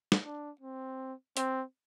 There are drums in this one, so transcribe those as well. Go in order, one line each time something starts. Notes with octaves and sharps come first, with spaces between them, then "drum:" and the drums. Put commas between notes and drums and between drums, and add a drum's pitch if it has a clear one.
drum: snare
D4
C4
C4, drum: hi-hat